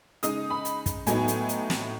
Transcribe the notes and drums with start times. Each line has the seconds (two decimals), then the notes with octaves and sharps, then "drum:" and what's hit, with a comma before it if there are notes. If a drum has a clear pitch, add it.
0.23 C#3 G#3 D#4 D#6, drum: hi-hat
0.50 B5
0.65 drum: hi-hat
0.86 drum: kick, hi-hat
1.07 A2 F#3 B3 D#4 G#5, drum: hi-hat
1.28 drum: hi-hat
1.49 drum: hi-hat
1.70 drum: snare